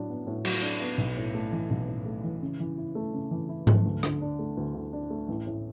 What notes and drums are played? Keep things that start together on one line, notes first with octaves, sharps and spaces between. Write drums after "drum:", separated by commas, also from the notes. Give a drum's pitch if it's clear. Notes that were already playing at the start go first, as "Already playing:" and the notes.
Already playing: A2 F#3 D4
B3
A2
F#3, drum: cymbal
D4
B3
B1
A2
A3
E3
B1
A2
A3
E3
C#3
E3
E4
A3
C#3
E3
E4
A3, drum: tom G#2
D2
D3, drum: rim click
D4
A3
D2
D3
D4
A3
A1
A2